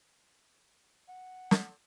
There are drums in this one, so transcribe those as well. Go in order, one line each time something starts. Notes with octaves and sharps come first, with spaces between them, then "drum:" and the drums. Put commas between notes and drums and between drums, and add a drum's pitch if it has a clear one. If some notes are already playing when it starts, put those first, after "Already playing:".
F#5
drum: snare